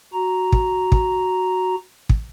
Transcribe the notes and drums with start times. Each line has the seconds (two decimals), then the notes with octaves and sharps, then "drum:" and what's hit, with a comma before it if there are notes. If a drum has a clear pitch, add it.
0.13 F#4 A#5
0.52 drum: kick
0.92 drum: kick
2.09 drum: kick